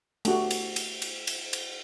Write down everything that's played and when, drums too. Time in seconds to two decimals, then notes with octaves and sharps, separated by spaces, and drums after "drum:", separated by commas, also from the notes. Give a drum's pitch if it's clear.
0.25 A3 D4 F#4 G4, drum: cymbal
0.51 drum: cymbal
0.76 drum: cymbal
1.02 drum: cymbal
1.27 drum: cymbal
1.53 drum: cymbal